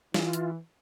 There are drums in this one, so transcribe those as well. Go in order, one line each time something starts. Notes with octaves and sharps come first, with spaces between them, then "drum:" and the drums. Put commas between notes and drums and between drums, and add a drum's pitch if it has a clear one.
E3 F4, drum: snare
drum: hi-hat